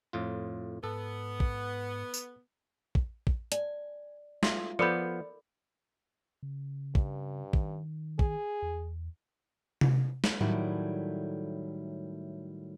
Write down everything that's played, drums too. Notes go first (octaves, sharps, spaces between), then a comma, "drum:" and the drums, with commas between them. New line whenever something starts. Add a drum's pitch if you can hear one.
F2 A2 F4
G#2 B3 A4
drum: kick
drum: tambourine
drum: kick
drum: kick
D5 G#5, drum: hi-hat
F4 F#4 E5, drum: snare
F3 B3 A4 A#4 D5 B5 G6 C#7
C#3
G2, drum: kick
D#3, drum: kick
G#4, drum: kick
E2
drum: tom C3
drum: snare
A2 D#3 F#3 G3 A3 E4